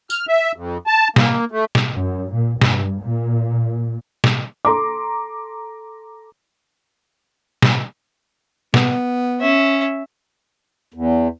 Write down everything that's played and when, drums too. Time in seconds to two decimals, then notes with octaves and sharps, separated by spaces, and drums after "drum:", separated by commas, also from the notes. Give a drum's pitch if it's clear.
0.10 F6, drum: tambourine
0.28 E5
0.56 F2
0.87 A5
1.16 A#3, drum: snare
1.52 A3
1.75 drum: snare
1.95 F#2
2.33 A#2
2.61 G2, drum: snare
3.03 A#2
4.24 drum: snare
4.65 A4 A#5 C6 D6
7.62 drum: snare
8.74 B3, drum: snare
9.41 C#4 E5
10.94 E2